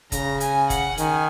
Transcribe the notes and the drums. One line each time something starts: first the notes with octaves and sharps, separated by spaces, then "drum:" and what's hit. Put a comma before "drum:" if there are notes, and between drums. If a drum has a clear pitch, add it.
C#3 A#5, drum: kick F#1, hi-hat
G#5, drum: hi-hat
F#5, drum: kick F#1, hi-hat
D#3 G#5, drum: hi-hat